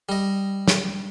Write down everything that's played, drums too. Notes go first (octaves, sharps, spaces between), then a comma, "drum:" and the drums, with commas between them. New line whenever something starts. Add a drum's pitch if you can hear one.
G3 D#5
drum: snare